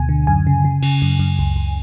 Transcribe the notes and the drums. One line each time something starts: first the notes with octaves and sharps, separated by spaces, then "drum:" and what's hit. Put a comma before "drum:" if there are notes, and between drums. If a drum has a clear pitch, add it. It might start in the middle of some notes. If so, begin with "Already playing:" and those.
Already playing: D2 B2 G#5
D3
F#2 G#5
C#3
C#3
C#3, drum: cymbal
F#2
F#2
C#2
C#2